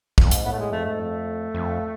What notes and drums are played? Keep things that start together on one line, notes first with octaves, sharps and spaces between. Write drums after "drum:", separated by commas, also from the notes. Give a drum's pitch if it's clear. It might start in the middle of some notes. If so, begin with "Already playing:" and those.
F2, drum: kick
G#2, drum: hi-hat
A2 B3
A3
G#3
F2 A3
G#2 A3
F2
F2